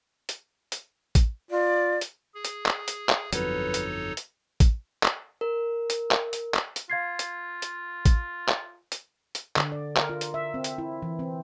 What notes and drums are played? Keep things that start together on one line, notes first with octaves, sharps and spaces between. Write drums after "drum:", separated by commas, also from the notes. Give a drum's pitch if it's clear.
drum: hi-hat
drum: hi-hat
drum: kick A1, hi-hat
F4 D5
drum: hi-hat
G#4
drum: hi-hat
drum: clap
drum: hi-hat
drum: clap
G1 F2 F#3 D#4 A4 B4 C#5, drum: hi-hat
drum: hi-hat
drum: hi-hat
drum: kick A1, hi-hat
drum: clap
A#4
drum: hi-hat
drum: clap
drum: hi-hat
drum: clap
drum: hi-hat
F4 F5 G#6 C7
drum: hi-hat
drum: hi-hat
drum: kick A1, hi-hat
drum: clap
drum: hi-hat
drum: hi-hat
D3, drum: clap
D5
A#4, drum: clap
F4
drum: hi-hat
E5
C4
drum: hi-hat
E4
E3
C4